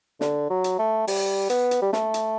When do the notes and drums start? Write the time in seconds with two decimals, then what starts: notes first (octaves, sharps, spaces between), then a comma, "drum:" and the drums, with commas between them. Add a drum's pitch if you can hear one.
0.21 D3, drum: snare
0.50 F#3
0.64 drum: hi-hat
0.79 A3
1.07 G3, drum: open hi-hat
1.50 B3, drum: hi-hat
1.71 drum: hi-hat
1.82 G3
1.93 A3, drum: snare
2.14 drum: hi-hat